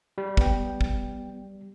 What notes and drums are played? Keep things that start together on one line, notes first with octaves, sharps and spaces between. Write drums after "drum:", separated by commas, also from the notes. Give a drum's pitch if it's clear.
G3
B3 G5, drum: kick
drum: kick